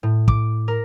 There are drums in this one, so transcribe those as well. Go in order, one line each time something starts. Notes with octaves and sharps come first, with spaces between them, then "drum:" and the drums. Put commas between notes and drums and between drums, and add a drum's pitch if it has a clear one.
A2
D6, drum: kick
A#4